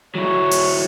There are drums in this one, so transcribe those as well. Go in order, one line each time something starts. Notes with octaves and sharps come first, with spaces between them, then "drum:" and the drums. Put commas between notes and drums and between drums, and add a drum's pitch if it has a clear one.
F#3 E4 C#5
drum: open hi-hat